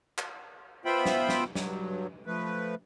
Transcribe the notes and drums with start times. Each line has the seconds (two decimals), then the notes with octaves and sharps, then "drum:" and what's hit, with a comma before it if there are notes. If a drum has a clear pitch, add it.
0.18 drum: clap
0.85 B3 F4 C5 E5 G5 B5
1.06 drum: snare
1.29 drum: snare
1.55 G2 F#3, drum: snare
2.26 F3 A3 B4